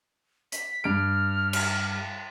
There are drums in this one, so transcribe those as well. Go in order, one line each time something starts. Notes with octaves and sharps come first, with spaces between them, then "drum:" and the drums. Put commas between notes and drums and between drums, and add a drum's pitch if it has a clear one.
B6, drum: hi-hat
G2 F6 D7
drum: cymbal